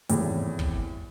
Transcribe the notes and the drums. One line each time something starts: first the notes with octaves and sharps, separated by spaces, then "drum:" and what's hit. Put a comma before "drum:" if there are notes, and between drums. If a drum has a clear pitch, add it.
G#1 E2 A2 C3 E3 G3, drum: hi-hat
drum: kick